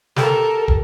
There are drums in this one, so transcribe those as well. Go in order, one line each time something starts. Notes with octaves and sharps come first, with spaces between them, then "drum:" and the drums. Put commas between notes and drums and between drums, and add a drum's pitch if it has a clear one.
G4 A4 A#4, drum: snare
drum: kick